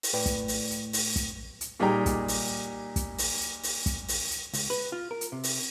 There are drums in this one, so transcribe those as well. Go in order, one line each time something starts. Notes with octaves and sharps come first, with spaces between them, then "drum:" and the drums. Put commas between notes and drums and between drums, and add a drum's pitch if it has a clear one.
drum: open hi-hat
A2 B4 D5 G5
drum: kick, hi-hat
drum: open hi-hat
drum: hi-hat
drum: open hi-hat
drum: kick, hi-hat
drum: hi-hat
A#2 G3 D#4 G4 G#4 A#5
drum: kick, hi-hat
drum: open hi-hat
drum: kick, hi-hat
drum: open hi-hat
drum: hi-hat
drum: open hi-hat
drum: kick, hi-hat
drum: open hi-hat
drum: hi-hat
C#2, drum: open hi-hat
B4
F4
A#4
drum: hi-hat
C3
drum: open hi-hat